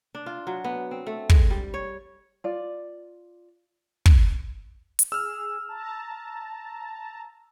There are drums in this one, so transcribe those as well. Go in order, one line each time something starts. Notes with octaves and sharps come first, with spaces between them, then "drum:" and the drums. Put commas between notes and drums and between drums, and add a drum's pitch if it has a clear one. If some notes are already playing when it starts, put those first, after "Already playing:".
D4
F4
F#3
B3
C4
A3
G#3, drum: kick
G3
C#5
F4 D5
drum: kick
drum: hi-hat
G#4 E6 F6
A5 A#5